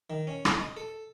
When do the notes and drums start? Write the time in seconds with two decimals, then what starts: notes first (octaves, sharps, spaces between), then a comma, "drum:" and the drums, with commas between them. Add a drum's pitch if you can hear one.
0.10 D#3
0.27 C#4
0.45 drum: rim click
0.60 D#5
0.77 A4